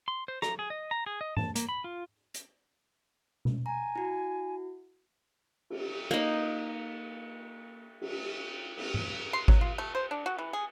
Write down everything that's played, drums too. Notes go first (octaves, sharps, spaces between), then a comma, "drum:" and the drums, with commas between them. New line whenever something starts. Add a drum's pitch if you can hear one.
C6
C5
A#5, drum: rim click
G#4
D#5
A#5
G#4
D#5
A5, drum: tom G#2
A#3, drum: hi-hat
B5
F4
drum: hi-hat
drum: tom B2
G#5 A#5
E4 F#4
drum: cymbal
A#3 D#4
drum: cymbal
drum: cymbal
drum: tom G#2
C6
F#3, drum: kick G#1
F4
A3
C5
D4
F#4
E3
G#4